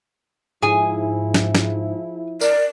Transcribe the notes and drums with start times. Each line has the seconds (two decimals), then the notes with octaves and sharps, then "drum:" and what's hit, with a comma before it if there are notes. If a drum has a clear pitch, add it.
0.62 G#2 F3 E4 G#4 G#5
1.34 drum: snare
1.55 drum: snare
2.41 A#4 D5, drum: tambourine